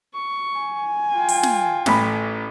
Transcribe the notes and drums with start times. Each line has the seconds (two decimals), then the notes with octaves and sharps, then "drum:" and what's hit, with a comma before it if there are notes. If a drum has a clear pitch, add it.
0.14 C#6
0.58 G#5
1.15 F4 G5
1.28 drum: open hi-hat
1.43 drum: snare
1.86 A1 A2 B5, drum: snare